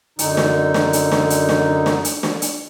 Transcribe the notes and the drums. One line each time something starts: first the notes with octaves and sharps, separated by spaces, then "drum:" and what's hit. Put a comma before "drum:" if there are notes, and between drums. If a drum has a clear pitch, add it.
F#2 D3 D#4, drum: hi-hat
drum: snare
drum: snare
drum: hi-hat
drum: snare
drum: hi-hat
drum: snare
drum: snare
drum: hi-hat
drum: snare
drum: hi-hat